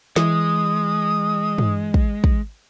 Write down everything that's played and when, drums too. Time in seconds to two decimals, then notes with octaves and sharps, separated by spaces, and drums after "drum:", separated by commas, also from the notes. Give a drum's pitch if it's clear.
0.16 E3 G#3 D#6, drum: snare
1.58 drum: tom G2
1.94 drum: kick
2.24 drum: kick